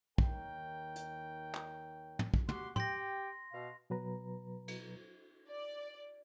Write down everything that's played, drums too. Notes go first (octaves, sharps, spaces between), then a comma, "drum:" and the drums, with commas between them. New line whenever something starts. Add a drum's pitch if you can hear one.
D#2 D#3 A#4 C#5 G5, drum: kick
drum: hi-hat
drum: clap
drum: tom
drum: kick
F#4 G4 C6, drum: tom
G4 G5 C6 A#6, drum: tom
B2 F5
B2 F#3 B4 A#5
drum: cymbal
D5